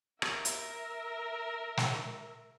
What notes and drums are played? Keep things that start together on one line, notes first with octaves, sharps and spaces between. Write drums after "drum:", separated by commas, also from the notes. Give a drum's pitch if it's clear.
A#4 E5, drum: rim click
drum: hi-hat
drum: snare